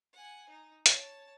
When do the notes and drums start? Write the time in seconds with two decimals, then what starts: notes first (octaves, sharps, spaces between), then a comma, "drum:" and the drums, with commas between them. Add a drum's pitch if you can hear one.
0.13 F#5 G#5
0.49 D#4
0.86 C#5 A5, drum: hi-hat